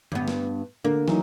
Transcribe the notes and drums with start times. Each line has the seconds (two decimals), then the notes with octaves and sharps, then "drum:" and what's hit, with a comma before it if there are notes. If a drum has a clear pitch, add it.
0.12 G2 B3, drum: tom D3
0.28 drum: snare
0.84 D3 A#3
1.08 E3 F#3 D#4, drum: snare